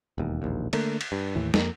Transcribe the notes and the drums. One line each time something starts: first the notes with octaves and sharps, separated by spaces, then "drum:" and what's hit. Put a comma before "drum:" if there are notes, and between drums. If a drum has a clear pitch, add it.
E1 D#2
E1 A#1 D#2
D3 A3 A#3, drum: cymbal
drum: cymbal
G2
D#2 A2 E3
F2 A3 A#3, drum: snare